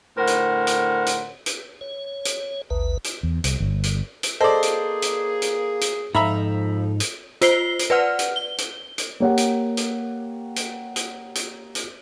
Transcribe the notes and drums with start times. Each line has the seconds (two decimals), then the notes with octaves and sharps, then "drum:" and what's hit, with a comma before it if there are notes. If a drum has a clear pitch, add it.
0.17 A2 D3 A#4 C5 F#5
0.27 drum: hi-hat
0.67 drum: hi-hat
1.06 drum: hi-hat
1.46 drum: hi-hat
1.81 C#5
2.25 drum: hi-hat
2.70 A1 D#2 B4
3.04 drum: hi-hat
3.23 E2
3.44 C2, drum: hi-hat
3.60 G1
3.83 drum: hi-hat
4.23 drum: hi-hat
4.41 A#3 G#4 A4 C5 D5 D#5 A5
4.63 drum: hi-hat
5.02 drum: hi-hat
5.42 drum: hi-hat
5.81 drum: hi-hat
6.15 F2 G#2 F3 D#4 E5 F5 A#5 B5
7.00 drum: hi-hat
7.41 F4 C5 C7 G7, drum: hi-hat
7.79 drum: hi-hat
7.90 B4 D5 F#5 F6
8.19 drum: hi-hat
8.36 G7
8.58 drum: hi-hat
8.98 drum: hi-hat
9.20 A#3 G4 C#5 F#5
9.38 drum: hi-hat
9.77 drum: hi-hat
10.56 drum: hi-hat
10.96 drum: hi-hat
11.35 drum: hi-hat
11.75 drum: hi-hat